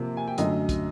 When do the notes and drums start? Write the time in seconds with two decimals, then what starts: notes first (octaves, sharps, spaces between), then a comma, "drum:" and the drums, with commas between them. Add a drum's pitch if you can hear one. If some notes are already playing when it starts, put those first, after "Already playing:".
Already playing: C3 F3 A#3
0.17 G#5
0.27 G5
0.38 F#2 D3 F#3 A3 D#5, drum: hi-hat
0.69 drum: kick, hi-hat